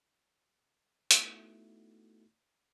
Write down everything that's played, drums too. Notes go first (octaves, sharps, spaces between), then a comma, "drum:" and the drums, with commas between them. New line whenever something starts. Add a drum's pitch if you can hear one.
A3 B3 D#4 E4 F#4, drum: hi-hat